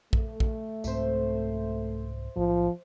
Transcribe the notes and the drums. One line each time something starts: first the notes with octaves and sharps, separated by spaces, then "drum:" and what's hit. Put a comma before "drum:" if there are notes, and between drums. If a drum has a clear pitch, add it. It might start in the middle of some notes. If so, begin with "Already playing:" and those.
A3, drum: kick A#1
drum: kick A#1
C2 G#2 C4 C5 E5, drum: tambourine
B1 A2 F3